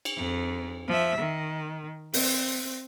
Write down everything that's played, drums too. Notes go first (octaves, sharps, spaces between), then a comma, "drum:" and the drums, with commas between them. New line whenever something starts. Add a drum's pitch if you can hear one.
drum: cymbal
F2
F3 E5
D#3
C4, drum: open hi-hat